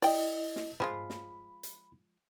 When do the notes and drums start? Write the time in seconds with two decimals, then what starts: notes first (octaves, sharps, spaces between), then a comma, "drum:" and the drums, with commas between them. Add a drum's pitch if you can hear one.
0.02 E4 D5 D#5 G5, drum: open hi-hat
0.56 drum: snare
0.80 F3 G#3 F4 B5, drum: tom
1.10 drum: snare
1.63 drum: hi-hat